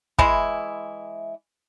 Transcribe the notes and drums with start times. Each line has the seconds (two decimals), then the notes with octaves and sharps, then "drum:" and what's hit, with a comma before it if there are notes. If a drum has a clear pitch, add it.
0.19 E3 G#3 E4, drum: kick